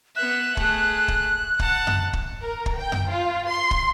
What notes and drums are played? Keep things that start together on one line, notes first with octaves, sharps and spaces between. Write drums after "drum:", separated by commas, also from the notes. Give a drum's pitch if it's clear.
B3 E5 F#6
A3 G#4, drum: kick
drum: kick
F#5 A5, drum: kick
drum: tom F#2
drum: kick
A#4
drum: kick
G5
drum: tom F#2
F4
C6
drum: kick